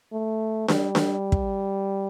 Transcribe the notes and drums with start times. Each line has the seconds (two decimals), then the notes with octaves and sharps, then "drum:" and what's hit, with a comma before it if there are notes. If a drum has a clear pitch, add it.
0.13 A3
0.68 G3, drum: snare D4
0.95 drum: snare D4
1.32 drum: kick